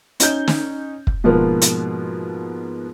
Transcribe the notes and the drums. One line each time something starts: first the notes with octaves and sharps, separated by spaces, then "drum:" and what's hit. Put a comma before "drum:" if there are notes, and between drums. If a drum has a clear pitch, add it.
C#4 D#4 G6, drum: hi-hat
drum: snare
drum: kick
G#2 B2 F3 A#3 B3 F4
drum: hi-hat